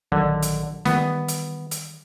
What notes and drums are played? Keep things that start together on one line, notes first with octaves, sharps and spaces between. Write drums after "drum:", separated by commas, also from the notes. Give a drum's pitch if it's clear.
A#1 D3 D#3 F#3
drum: hi-hat
D#3 E3 G3 B3, drum: snare
drum: hi-hat
drum: hi-hat